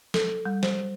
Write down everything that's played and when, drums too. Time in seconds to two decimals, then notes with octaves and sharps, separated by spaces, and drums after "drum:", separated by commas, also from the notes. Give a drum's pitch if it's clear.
0.14 A4, drum: snare
0.45 G3
0.63 C5, drum: snare